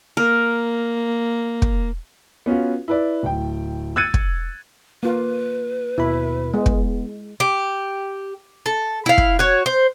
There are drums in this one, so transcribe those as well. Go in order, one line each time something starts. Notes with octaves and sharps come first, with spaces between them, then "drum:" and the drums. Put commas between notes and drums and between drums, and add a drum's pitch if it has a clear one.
A#3 A#4
drum: kick
B3 C#4 F4 F#4
E4 B4 D5
D1 G5
E6 F#6 G#6 A6 C#7 D#7
drum: kick
A#3 F4 B4
D#2 B2 E4 B5
G#3 B3
drum: kick
G4
A4
E4 F5
drum: kick
F#4 C#5
C5